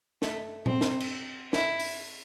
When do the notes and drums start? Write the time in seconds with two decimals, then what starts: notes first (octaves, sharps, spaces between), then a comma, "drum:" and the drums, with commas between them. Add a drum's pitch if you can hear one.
0.22 A3, drum: snare
0.66 C4, drum: tom A#2
0.81 drum: snare
1.00 drum: cymbal
1.53 E4, drum: snare
1.80 drum: open hi-hat